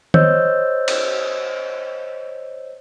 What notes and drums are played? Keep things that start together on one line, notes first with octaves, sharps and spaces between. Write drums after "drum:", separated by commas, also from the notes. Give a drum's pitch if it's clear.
C5 C#5 D#5 E6 G6, drum: tom D#3
drum: cymbal